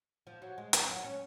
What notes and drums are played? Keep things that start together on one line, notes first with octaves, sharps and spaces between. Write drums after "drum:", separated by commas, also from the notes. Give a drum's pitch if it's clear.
F3
F#3
G#3
drum: hi-hat
F#3
C#4